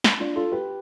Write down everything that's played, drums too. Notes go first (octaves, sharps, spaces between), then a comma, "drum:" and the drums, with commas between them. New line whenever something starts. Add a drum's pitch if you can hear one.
drum: snare
D4 F4
F4 A4
G4 B4